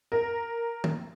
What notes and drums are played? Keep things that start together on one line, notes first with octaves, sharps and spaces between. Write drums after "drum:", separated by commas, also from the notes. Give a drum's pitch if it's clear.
A#4
drum: tom